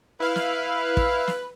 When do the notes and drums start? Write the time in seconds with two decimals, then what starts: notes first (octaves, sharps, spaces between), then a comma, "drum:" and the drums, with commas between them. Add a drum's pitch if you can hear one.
0.20 E4 B4 F5
0.36 drum: snare
0.97 drum: kick
1.27 drum: snare